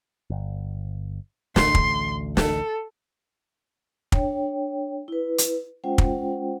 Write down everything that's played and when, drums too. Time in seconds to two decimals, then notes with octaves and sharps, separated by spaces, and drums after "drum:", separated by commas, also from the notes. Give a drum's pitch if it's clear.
0.30 G1
1.56 A1 D2 D3 C6, drum: snare
1.75 drum: kick
2.37 A4, drum: snare
4.12 D4 C#5 G5, drum: kick
5.08 E4 B4
5.38 drum: hi-hat
5.84 G#3 C#4 F4 C5 F#5 G5
5.98 drum: kick